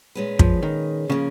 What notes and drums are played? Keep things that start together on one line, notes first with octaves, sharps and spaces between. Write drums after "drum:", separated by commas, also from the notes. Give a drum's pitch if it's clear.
A#2 G#3 C#4 G#4 B4
F3, drum: kick
D#3
C#3 F3 A#3 C#4